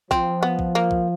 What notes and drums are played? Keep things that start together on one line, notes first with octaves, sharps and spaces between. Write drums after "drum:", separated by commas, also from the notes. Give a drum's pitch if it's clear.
F3 C4, drum: kick A#1
B3
drum: kick A#1
A#3
drum: kick A#1